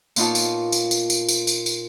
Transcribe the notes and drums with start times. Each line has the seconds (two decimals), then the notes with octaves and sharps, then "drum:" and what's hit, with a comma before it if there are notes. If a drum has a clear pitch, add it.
0.16 A#2 B3 D#4 F4 C#5 A5, drum: tambourine
0.35 drum: tambourine
0.72 drum: tambourine
0.91 drum: tambourine
1.10 drum: tambourine
1.29 drum: tambourine
1.47 drum: tambourine
1.66 drum: tambourine